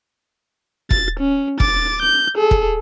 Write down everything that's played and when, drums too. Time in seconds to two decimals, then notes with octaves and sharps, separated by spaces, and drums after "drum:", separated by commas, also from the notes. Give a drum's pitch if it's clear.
0.90 A6, drum: kick E1
1.20 C#4
1.60 D6 A6, drum: kick E1
2.02 G6
2.36 G#4 A4
2.51 drum: kick E1